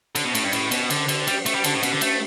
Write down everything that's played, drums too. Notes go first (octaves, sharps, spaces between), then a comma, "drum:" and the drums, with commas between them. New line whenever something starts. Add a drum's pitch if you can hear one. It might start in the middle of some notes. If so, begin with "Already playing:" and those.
D3, drum: cymbal
B2
A2, drum: cymbal
G2
A2, drum: cymbal
B2, drum: cymbal
D3, drum: cymbal
D3, drum: cymbal
G3, drum: cymbal
A3, drum: cymbal
G3
D3, drum: cymbal
A2
B2, drum: cymbal
D3
A3, drum: cymbal